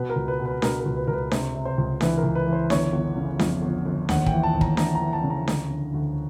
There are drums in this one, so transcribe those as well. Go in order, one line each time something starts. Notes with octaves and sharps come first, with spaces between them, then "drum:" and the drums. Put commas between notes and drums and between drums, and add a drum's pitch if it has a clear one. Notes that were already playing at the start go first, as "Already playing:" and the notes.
Already playing: B2 B4
A#4
C#2
B4
B2
B4
B2 A#4, drum: snare D4
A#4
C#2
B4
C#2 A#4
B4
C3 C5, drum: snare D4
C3
C5
C#2
E3 B4, drum: snare D4
A#4
C#2
B4
E3
C5
G1 C#5, drum: snare D4
G1
C#3
F2, drum: snare D4
G1
G1
D#2 F#5, drum: snare D4
G5, drum: kick
E3
A5
D#2
A#5, drum: kick
E3 A#5, drum: snare D4
A#5
E3
A5
C#3
A#5
D2, drum: snare D4
D3
D2